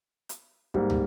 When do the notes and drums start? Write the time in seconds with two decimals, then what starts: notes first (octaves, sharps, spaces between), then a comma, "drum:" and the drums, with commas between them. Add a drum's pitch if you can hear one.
0.29 drum: hi-hat
0.74 G#2 G3 A#3, drum: kick
0.90 drum: tom